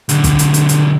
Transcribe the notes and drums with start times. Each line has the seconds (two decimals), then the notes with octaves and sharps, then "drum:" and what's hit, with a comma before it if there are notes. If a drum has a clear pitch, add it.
0.09 B1 D3, drum: hi-hat
0.24 drum: kick, hi-hat
0.39 drum: hi-hat
0.54 drum: hi-hat
0.69 drum: hi-hat